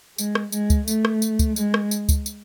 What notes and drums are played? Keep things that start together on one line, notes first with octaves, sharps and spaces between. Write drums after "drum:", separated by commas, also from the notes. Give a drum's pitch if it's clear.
G#3, drum: tambourine
drum: rim click
G#3, drum: tambourine
drum: kick C#2, tambourine
A3, drum: tambourine
drum: rim click
drum: tambourine
drum: kick C#2, tambourine
G#3, drum: tambourine
drum: rim click
drum: tambourine
drum: kick C#2, tambourine
drum: tambourine